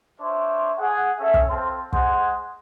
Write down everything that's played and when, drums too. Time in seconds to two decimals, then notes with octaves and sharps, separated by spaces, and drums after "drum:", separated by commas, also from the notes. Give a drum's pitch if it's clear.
0.20 D4 F4 C5 C#5 E5
0.78 G#4 F#5
1.19 C#4 A4 E5
1.34 drum: kick
1.49 C4 F4 A4 C5
1.93 G#3 G#4 C5 F#5, drum: kick